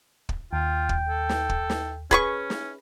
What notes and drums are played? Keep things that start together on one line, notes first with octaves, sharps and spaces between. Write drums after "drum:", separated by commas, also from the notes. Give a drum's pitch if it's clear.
drum: kick
D#2 F4 G5
drum: kick
A4
drum: snare
drum: kick
drum: snare
C#4 G#4 B4 C#6, drum: kick
drum: snare